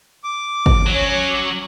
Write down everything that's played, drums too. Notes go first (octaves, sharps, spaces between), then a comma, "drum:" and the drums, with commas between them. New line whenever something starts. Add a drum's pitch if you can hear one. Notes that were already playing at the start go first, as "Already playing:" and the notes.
D6
drum: kick
F#3 C#4 C#5